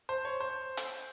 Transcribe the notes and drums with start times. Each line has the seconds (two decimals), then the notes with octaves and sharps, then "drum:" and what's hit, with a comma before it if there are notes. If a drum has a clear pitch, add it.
0.09 C5
0.25 C#5
0.40 C5
0.77 drum: hi-hat